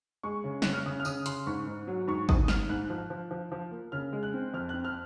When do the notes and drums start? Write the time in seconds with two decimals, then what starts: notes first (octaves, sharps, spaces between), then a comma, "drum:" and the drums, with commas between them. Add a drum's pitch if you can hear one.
0.23 G#3 C#6
0.44 C#3
0.62 C#3 F#6, drum: snare
0.73 F6
0.86 C#3 D#6
1.00 F6
1.05 C#3 D#6, drum: tambourine
1.26 C#3 C6, drum: hi-hat
1.47 G#2 C#6
1.67 G#2
1.87 F#3
2.07 G#2 C#6
2.29 G#2 D#6, drum: kick
2.48 G#2 F6, drum: snare
2.69 G#2 F#6
2.90 F3
3.10 F3
3.31 F3
3.51 F3
3.71 A#3
3.92 C#3 F6
4.13 G#3
4.23 F#6
4.34 C4
4.54 F2 F6
4.69 C4 F#6
4.85 F6